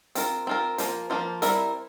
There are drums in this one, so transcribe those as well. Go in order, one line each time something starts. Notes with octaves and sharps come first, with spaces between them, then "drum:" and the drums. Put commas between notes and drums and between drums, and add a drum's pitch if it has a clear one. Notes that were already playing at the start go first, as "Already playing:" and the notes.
C4 F4 A#4, drum: hi-hat
C4 F4 A#4
F3 A#3 F4 C5, drum: hi-hat
F3 A#3 F4 C5
G3 C4 E4 A#4, drum: hi-hat